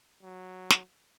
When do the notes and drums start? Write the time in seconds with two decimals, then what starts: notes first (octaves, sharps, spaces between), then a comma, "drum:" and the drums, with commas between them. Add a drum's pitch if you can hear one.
0.22 F#3
0.71 drum: snare